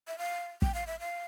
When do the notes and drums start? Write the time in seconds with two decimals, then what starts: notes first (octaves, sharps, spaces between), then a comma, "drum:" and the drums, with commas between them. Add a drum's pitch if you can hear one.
0.08 E5
0.18 F5
0.62 G5, drum: kick
0.74 F5
0.87 E5
1.00 F5